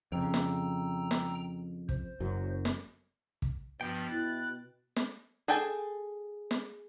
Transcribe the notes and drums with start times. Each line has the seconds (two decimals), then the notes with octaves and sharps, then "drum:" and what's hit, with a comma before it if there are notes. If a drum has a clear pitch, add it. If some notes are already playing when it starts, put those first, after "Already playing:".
0.12 F2 C#3 G5 A#5 E6
0.34 drum: snare
1.11 drum: snare
1.89 C5, drum: kick
2.20 F#1 F#2 F#3
2.65 drum: snare
3.42 drum: kick
3.81 G2 B2 F3 G5
4.10 E4 F#6 A6
4.96 drum: snare
5.48 G#4 A4 G5 G#5
6.51 drum: snare